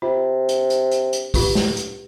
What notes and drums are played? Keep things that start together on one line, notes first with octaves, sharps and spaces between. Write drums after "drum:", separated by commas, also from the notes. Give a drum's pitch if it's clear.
C3 F4
drum: hi-hat
drum: hi-hat
drum: hi-hat
drum: hi-hat
F4 G4 B4, drum: kick, open hi-hat
drum: snare
drum: hi-hat